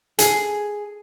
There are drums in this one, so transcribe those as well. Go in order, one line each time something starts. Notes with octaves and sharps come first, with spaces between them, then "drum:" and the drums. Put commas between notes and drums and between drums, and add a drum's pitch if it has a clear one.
G#4, drum: hi-hat